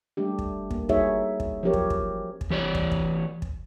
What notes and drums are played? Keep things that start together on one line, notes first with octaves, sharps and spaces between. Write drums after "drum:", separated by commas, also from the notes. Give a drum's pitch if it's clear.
G3 A3 D4 G4
drum: kick
A#3, drum: kick
G3 D#4 F#4 G#4 C#5 E5, drum: kick
drum: kick
F3 F#3 C#4 G4 A#4 C#5
drum: kick
drum: kick
drum: kick
E3 G4 C#5 D5
drum: kick
drum: kick
drum: kick